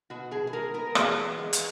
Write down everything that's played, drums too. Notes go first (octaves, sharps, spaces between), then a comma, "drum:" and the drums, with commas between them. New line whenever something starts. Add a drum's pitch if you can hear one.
B2 F#4
B2 G#4
G#4
G#3 A#4
B3 A#4
E2 G#4, drum: rim click
B3
G#3
drum: hi-hat